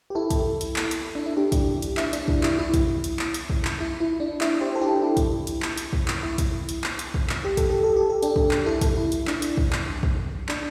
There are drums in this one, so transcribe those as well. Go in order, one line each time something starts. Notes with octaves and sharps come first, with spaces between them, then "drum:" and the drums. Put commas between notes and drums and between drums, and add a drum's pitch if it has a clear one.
G4
E4 A4
drum: kick, hi-hat
drum: hi-hat
drum: clap
drum: hi-hat
D4
E4
D4 G4
drum: kick, hi-hat
drum: hi-hat
E4, drum: clap
D4, drum: hi-hat
E4, drum: kick
E4, drum: clap
E4
drum: kick, hi-hat
drum: hi-hat
drum: clap
drum: hi-hat
drum: kick
drum: clap
E4
E4
D4
E4, drum: clap
G4 C5
A4
D4 G4
E4
drum: kick, hi-hat
drum: hi-hat
drum: clap
drum: hi-hat
drum: kick
drum: clap
E4
drum: kick, hi-hat
drum: hi-hat
drum: clap
drum: hi-hat
drum: kick
drum: clap
G4
A4, drum: kick, hi-hat
G4
A4
G4
A4
D4 G4, drum: hi-hat
drum: kick
drum: clap
E4 A4
drum: kick, hi-hat
E4
drum: hi-hat
D4, drum: clap
drum: hi-hat
drum: kick
drum: clap
drum: kick
D4, drum: clap